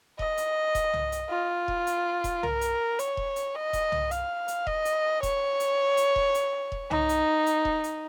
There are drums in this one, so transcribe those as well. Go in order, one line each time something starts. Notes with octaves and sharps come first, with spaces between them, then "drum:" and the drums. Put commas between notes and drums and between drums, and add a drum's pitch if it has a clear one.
D#5, drum: kick E1
drum: hi-hat
drum: kick E1, hi-hat
drum: tom
drum: hi-hat
F4
drum: kick E1
drum: hi-hat
drum: kick E1, hi-hat
A#4, drum: tom
drum: hi-hat
C#5, drum: hi-hat
drum: kick E1
drum: hi-hat
D#5
drum: kick E1, hi-hat
drum: tom
F5, drum: hi-hat
drum: hi-hat
D#5, drum: kick E1
drum: hi-hat
C#5, drum: kick E1, hi-hat
drum: hi-hat
drum: hi-hat
drum: kick E1
drum: hi-hat
drum: kick E1
D#4, drum: tom
drum: hi-hat
drum: hi-hat
drum: kick E1
drum: hi-hat